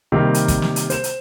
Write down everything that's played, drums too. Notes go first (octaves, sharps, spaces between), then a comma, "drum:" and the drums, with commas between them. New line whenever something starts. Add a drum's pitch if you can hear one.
C3 D#3 G3 A#3
drum: hi-hat
drum: kick, hi-hat
drum: snare
drum: hi-hat
C5 E7, drum: hi-hat
drum: hi-hat